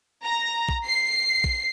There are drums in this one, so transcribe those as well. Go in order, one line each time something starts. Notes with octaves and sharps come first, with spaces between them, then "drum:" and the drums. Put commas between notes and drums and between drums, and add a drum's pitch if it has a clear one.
A#5
drum: kick A#1
C7
drum: kick A#1